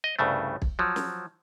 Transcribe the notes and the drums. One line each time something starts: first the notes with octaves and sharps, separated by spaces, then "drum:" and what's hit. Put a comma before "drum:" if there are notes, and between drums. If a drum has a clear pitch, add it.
D#5
C2 G2 C#3 A3
drum: kick
F3 F#3
drum: snare